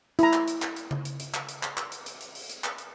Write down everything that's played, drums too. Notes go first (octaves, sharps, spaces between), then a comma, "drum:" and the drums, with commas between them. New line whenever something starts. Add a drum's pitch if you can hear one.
E4 A#5, drum: hi-hat
drum: clap
drum: hi-hat
drum: clap
drum: hi-hat
drum: tom C#3
drum: hi-hat
drum: hi-hat
drum: clap
drum: hi-hat
drum: clap
drum: clap
drum: hi-hat
drum: hi-hat
drum: hi-hat
drum: open hi-hat
drum: hi-hat
drum: clap
drum: hi-hat